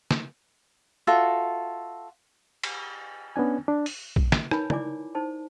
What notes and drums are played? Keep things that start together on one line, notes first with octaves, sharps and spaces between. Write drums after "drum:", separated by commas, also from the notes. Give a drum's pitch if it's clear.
drum: snare
F4 F#4 A4 E5
drum: cymbal
B3 C#4 D4 G#5
D4
drum: open hi-hat
drum: kick A#1
drum: snare
D#4 A#4 B4 C#5 G#5 B5, drum: rim click
E4 D5 G#5 D6, drum: tom
D#4 C5 A5